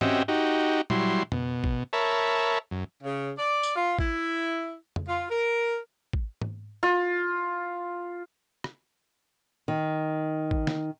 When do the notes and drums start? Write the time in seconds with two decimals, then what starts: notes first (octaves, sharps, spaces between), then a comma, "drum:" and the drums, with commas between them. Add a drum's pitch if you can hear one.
0.01 C4 C#4 F#4 G4 D#5 E5, drum: tom G#2
0.28 D#4 F#4 G4
0.90 F#3 G3 E4 C6, drum: tom A#2
1.32 B2, drum: tom F2
1.64 drum: kick
1.93 A#4 C#5 E5 A5 B5
2.71 F#2
3.04 C#3
3.38 D5
3.63 drum: tambourine
3.75 F4
3.99 E4, drum: kick
4.96 drum: tom F2
5.08 F4
5.30 A#4
6.13 drum: kick
6.41 drum: tom G#2
6.83 F4
8.64 drum: rim click
9.68 D#3
10.51 drum: kick
10.67 drum: snare